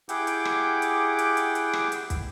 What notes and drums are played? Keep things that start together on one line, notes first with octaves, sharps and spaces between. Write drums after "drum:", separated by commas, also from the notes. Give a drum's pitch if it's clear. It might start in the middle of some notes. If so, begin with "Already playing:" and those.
E4 G4 G#4 F#5 G5 D6, drum: hi-hat
drum: hi-hat
drum: rim click
drum: hi-hat
drum: hi-hat
drum: hi-hat
drum: hi-hat
drum: rim click
drum: hi-hat
drum: kick, hi-hat